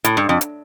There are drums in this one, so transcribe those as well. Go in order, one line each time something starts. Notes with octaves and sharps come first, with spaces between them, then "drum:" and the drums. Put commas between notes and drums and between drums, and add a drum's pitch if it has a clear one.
A2, drum: hi-hat
G2
F2
drum: hi-hat